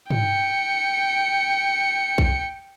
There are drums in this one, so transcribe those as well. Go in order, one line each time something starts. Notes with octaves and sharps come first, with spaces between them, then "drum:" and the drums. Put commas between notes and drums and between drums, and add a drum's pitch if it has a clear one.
G5 C#7, drum: tom
drum: kick A#1